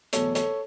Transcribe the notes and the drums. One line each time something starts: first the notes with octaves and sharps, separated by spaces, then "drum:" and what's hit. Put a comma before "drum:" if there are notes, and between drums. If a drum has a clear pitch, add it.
E2 B2 F#3 A3 A4 C#5, drum: hi-hat
A4 C#5, drum: hi-hat